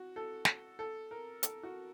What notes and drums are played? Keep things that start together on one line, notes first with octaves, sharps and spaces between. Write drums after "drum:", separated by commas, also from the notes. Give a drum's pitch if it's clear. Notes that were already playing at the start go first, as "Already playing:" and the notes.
Already playing: F#4
A4
drum: snare
A4
A#4
A4, drum: hi-hat
F#4